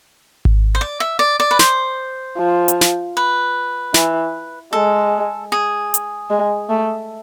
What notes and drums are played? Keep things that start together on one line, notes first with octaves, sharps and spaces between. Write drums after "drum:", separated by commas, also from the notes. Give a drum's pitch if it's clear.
drum: kick G#1
C5
D5
E5
D5
D5
B4
C5, drum: snare
F3
drum: hi-hat
drum: snare
B4
E3, drum: snare
G#3 A4
G#4
drum: hi-hat
G#3
A3